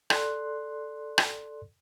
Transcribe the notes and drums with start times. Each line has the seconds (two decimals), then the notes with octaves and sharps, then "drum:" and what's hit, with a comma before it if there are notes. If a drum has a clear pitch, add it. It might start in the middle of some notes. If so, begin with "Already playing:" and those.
0.10 A4 D5 C6 F#6, drum: rim click
1.18 drum: rim click